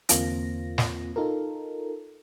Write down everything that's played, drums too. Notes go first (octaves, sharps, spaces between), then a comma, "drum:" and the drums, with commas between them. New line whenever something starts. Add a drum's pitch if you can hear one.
E2 D3 A#3 C4 F4 A#6, drum: hi-hat
drum: snare
D#4 F4 A4 A#4